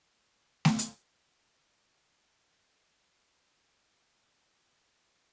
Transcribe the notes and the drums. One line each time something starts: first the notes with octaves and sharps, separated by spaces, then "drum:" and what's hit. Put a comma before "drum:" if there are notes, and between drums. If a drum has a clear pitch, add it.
drum: snare A3
drum: hi-hat
A4
F5 E6 G6 C#7
F7
B3 C#5 F#6 A6
G#3 B3 C4 D4 G4 G#4
F5 G5 A5 C6 D#6 E6
B2 F#3 A3 G5 A#5